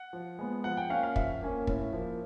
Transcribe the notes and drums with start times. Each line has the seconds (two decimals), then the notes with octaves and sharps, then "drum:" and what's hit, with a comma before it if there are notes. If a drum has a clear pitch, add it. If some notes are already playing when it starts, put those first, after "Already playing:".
Already playing: F#5
0.13 F3
0.39 G#3 B3
0.64 F3 F#5
0.77 G5
0.90 A#3 C#4 F5
1.03 F5
1.16 F3 E5, drum: kick
1.41 A#3 C#4
1.67 A2, drum: kick
1.93 F3 A#3